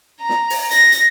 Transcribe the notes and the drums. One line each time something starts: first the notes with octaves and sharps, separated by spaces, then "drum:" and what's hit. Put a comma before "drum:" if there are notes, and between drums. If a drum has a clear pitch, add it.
A#5
drum: snare
drum: open hi-hat
A#6, drum: hi-hat
drum: hi-hat